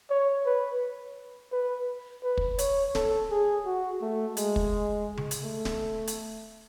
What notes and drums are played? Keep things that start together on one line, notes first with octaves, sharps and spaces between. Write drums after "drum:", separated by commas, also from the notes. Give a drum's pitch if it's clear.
C#5
B4
B4
B4
drum: kick
C#5, drum: hi-hat
A4, drum: snare D1
G#4
F#4
A3
G#3, drum: hi-hat
drum: kick
drum: tom C#3
drum: hi-hat
A3
drum: snare D1
drum: hi-hat